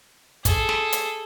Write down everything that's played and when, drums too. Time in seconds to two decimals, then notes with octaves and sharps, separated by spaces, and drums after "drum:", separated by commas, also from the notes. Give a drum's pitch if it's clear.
0.45 G#4 A4, drum: kick, hi-hat
0.69 drum: snare
0.92 drum: hi-hat